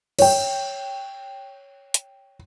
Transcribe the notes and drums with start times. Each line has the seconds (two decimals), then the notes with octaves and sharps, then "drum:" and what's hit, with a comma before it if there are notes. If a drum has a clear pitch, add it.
0.19 C#5 G5, drum: cymbal
1.94 drum: hi-hat